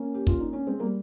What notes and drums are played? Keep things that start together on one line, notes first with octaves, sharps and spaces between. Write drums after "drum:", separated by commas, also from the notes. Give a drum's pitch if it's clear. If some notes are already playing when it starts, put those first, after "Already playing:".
Already playing: A#3 C#4
G4
F4, drum: kick
D#4
C#4
G#3 C4
G3 A#3